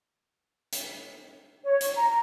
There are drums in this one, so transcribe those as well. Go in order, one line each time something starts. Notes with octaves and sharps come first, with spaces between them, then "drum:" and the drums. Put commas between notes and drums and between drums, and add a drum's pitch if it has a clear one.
drum: hi-hat
C#5
drum: hi-hat
A#5
A#5